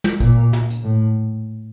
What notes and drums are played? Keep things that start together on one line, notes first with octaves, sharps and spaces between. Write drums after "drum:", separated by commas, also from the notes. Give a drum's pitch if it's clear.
drum: tom
A#2, drum: kick
drum: tom
drum: hi-hat
A2